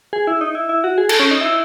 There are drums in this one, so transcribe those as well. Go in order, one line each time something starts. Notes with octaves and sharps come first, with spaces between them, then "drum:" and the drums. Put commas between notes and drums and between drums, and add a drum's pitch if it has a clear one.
G#4
E4
D#4
E4
E4
F#4
G#4
A4, drum: cymbal
C#4
D#4
E4